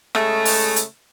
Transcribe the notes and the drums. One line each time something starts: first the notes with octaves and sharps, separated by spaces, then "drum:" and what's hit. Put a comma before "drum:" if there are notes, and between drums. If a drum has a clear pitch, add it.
C#3 G#3 A3, drum: rim click
drum: open hi-hat
drum: hi-hat